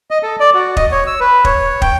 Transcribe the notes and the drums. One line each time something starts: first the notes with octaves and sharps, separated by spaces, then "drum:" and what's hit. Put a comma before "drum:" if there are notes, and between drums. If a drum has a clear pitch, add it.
D#5
A4
D5
F#4
D#5, drum: kick
C#5
E6
B4
C#5, drum: kick
G5, drum: kick